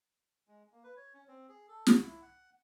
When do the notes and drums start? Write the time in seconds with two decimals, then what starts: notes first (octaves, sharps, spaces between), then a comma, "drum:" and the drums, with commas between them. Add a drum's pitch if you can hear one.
0.47 G#3
0.72 A#3
0.84 B4
0.97 C#5
1.14 C#4
1.28 C4
1.49 G#4
1.68 A4
1.87 F#5, drum: snare
2.03 E4
2.22 F#5